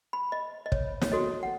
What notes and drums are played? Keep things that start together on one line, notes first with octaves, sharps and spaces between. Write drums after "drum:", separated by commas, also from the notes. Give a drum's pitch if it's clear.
B5
D#5
D#5
C#5, drum: kick
C#5, drum: snare
F#4 A4 C#5 D#5
F#5